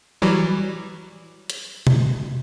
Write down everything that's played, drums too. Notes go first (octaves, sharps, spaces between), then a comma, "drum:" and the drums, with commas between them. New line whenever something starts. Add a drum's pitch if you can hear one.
E3 F#3 G3
drum: hi-hat
drum: tom B2